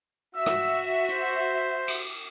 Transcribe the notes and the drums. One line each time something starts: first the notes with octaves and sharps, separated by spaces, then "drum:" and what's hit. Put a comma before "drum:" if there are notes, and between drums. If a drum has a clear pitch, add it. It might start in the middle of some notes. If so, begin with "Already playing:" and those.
F#4 E5 E6
drum: rim click
C5, drum: hi-hat
drum: cymbal